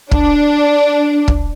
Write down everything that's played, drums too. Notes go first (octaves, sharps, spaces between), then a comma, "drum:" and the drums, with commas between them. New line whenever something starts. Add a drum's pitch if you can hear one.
D4, drum: kick
drum: kick